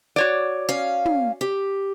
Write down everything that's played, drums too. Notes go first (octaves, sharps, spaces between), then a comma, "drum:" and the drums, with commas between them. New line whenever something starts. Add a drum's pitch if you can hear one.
F#4 C#5 D5
C#4 F5
drum: tom
G4